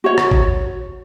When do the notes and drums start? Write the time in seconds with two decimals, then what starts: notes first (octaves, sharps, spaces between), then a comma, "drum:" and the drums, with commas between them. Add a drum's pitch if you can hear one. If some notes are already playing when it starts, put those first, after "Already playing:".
0.04 F#4 C#5
0.18 drum: rim click
0.31 drum: kick G#1